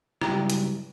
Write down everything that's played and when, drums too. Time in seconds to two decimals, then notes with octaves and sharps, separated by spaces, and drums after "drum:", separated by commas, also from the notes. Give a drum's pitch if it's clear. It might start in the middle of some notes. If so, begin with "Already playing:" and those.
0.21 C#2 G2 F#3 E4 G4 A#5, drum: rim click
0.50 drum: hi-hat